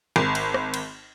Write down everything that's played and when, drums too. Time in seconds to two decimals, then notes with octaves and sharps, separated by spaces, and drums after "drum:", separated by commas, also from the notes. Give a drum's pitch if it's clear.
0.16 G#1
0.35 drum: cymbal
0.54 drum: rim click
0.74 drum: cymbal